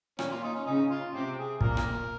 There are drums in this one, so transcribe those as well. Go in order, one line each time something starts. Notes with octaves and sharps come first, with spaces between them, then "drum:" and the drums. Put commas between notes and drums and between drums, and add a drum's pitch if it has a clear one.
A#2 A#3 C#4, drum: rim click
F4
D#4
C#4
C#3 C#4 D#4
F4
C3 C4 G4
G#4
A#2 A#3 A#4, drum: kick
drum: rim click